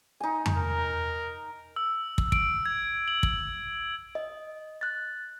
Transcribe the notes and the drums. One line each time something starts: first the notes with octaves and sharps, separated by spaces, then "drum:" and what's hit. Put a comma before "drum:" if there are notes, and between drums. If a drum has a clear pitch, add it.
D#4 G#5
drum: tom F2
A#4
E6
drum: kick
D7, drum: kick
G#6
F#7
drum: kick
D#5
F#6 A6